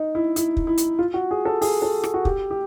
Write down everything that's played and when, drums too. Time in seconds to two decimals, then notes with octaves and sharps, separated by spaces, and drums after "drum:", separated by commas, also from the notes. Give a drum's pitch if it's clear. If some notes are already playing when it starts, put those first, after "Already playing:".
Already playing: D#4
0.15 E4
0.36 E4, drum: hi-hat
0.57 drum: kick
0.67 E4
0.78 drum: hi-hat
0.99 F4
1.14 F#4
1.31 G#4
1.45 A4
1.62 G#4, drum: open hi-hat
1.82 A4
2.04 G#4, drum: rim click
2.14 F#4
2.25 G4, drum: kick
2.50 G4